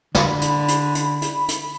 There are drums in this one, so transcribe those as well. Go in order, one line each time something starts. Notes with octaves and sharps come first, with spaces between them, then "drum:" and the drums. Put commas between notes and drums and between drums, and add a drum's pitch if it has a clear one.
D3 B5, drum: snare
drum: hi-hat
drum: hi-hat
drum: hi-hat
drum: hi-hat
drum: hi-hat